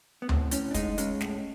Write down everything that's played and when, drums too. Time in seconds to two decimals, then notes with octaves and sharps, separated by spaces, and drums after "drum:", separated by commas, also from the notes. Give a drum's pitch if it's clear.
0.22 B3
0.29 A2 C4, drum: tom D2
0.51 A2 C#4, drum: hi-hat
0.71 D4
0.74 G#3 D#4, drum: kick, hi-hat
0.98 G#3 C#4, drum: hi-hat
1.21 A2, drum: snare